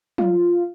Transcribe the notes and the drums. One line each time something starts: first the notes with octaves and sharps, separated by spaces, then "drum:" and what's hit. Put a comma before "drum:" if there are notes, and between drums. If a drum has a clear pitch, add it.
F4, drum: tom F3